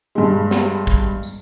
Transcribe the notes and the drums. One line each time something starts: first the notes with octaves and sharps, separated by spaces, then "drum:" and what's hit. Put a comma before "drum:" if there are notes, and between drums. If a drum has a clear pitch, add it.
G2 G#3
drum: snare
drum: kick
drum: tambourine